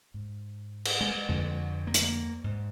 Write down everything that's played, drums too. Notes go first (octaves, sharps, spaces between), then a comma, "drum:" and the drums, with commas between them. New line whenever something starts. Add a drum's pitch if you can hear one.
G#2
drum: cymbal
G#3
F2 D3 G#3
A#3
G#3, drum: hi-hat
A#3
G#2